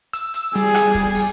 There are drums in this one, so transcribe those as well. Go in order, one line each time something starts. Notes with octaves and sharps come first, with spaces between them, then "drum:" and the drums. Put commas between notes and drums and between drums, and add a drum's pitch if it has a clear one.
E6, drum: hi-hat
drum: hi-hat
G3 G#4, drum: hi-hat
drum: rim click
drum: kick, hi-hat
drum: open hi-hat